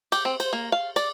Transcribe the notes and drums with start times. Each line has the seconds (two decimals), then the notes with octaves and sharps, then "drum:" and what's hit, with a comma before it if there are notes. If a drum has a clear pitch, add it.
0.12 G4, drum: cymbal
0.25 C4
0.40 C5, drum: cymbal
0.53 A#3
0.72 F5
0.96 D5, drum: cymbal